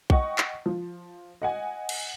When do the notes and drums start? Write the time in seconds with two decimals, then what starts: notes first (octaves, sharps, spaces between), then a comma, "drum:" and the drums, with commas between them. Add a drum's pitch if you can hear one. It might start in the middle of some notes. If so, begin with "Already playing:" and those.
0.10 D#5 F#5 G5 C#6, drum: kick B1
0.38 drum: clap
0.66 F3
1.42 D#5 F#5 G#5
1.89 drum: cymbal